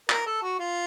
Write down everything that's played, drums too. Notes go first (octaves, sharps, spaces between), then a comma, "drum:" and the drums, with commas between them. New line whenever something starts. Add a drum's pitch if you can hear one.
A#4, drum: clap
A4
F#4
F4